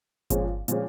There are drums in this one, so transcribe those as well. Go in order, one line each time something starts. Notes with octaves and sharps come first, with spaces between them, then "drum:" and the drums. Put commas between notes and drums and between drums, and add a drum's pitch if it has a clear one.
A#2 F3 G#3 C#4, drum: kick G1, hi-hat
A#2 F3 G#3 C#4, drum: hi-hat